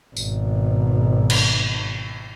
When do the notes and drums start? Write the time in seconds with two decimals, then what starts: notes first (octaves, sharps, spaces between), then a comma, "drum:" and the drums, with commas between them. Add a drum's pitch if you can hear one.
0.17 G#1 B2, drum: tambourine
1.30 drum: cymbal